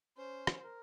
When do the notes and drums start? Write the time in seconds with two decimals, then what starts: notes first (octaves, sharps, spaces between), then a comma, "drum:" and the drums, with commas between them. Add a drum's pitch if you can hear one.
0.17 C#4 C5
0.47 drum: rim click
0.63 A#4